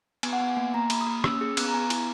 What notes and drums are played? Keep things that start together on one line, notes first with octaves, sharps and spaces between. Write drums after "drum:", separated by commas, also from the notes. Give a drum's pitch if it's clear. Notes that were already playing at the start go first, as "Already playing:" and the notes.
B3 G#5, drum: cymbal
F#5
B3 G#5
A#3 G#5
A#3 A#5
A#3 B5, drum: cymbal
D#6
A#3
D#6
C#4 E6, drum: rim click
G#4
B3 F#6, drum: cymbal
A#5
B3 G#5
E4 G#5, drum: cymbal